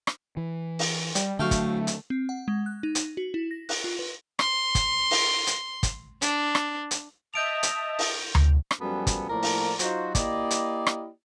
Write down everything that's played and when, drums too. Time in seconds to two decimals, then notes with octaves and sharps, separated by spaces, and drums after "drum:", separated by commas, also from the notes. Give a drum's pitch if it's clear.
0.07 drum: rim click
0.37 E3
0.79 drum: open hi-hat
1.15 G3, drum: hi-hat
1.39 D3 F#3 A3 F#4 F5 G5
1.51 drum: kick, hi-hat
1.87 drum: hi-hat
2.10 C4
2.29 F#5
2.48 G#3
2.66 F#6
2.83 D#4
2.95 drum: hi-hat
3.17 F#4
3.34 E4
3.51 A#6
3.69 F#6, drum: open hi-hat
3.84 F4
3.99 B4
4.39 C6, drum: rim click
4.75 drum: kick, hi-hat
5.11 drum: open hi-hat
5.47 drum: hi-hat
5.83 drum: kick, hi-hat
6.22 D4, drum: hi-hat
6.55 drum: rim click
6.91 drum: hi-hat
7.34 D#5 E5 A5 D#6 G6 D7 F7
7.63 drum: hi-hat
7.99 drum: open hi-hat
8.35 drum: tom D2
8.71 drum: rim click
8.81 F#2 F3 G3 B3 A4 G#5
9.07 drum: kick, hi-hat
9.30 A2 F3 A#3 A#4 D5 A5
9.43 drum: open hi-hat
9.79 F#3 D#4 F4 F#4 C5, drum: hi-hat
10.15 A#3 E4 G4 D5 D#5, drum: kick, hi-hat
10.51 drum: hi-hat
10.87 drum: rim click